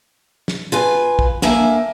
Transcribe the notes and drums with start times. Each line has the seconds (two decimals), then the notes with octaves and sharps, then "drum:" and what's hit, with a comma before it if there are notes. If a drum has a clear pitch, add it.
0.48 drum: snare
0.72 F4 B4 G#5
1.19 drum: kick
1.42 D2 A#3 E5 G#5, drum: snare